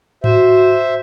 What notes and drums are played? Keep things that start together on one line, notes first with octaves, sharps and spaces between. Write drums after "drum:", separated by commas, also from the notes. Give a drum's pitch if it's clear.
F#4 C5 E5, drum: tom G#2